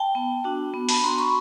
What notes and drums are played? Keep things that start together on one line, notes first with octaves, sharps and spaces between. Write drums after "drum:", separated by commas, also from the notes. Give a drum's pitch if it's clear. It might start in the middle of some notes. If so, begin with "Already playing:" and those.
Already playing: G5 A5
B3
D4 F#4
B3
A5 B5, drum: open hi-hat
D4 F#4 A#5 C6
B5 C#6